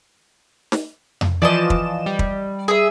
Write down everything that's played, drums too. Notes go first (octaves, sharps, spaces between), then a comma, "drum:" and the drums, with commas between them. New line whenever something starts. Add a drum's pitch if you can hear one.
drum: snare
drum: tom F2
E3 F3 D5 D#5 E7
drum: kick
G3
drum: kick
G#4 E5